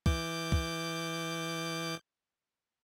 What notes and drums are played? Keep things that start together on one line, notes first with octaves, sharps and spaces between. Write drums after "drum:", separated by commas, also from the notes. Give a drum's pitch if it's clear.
E3 D6 G6, drum: kick
drum: kick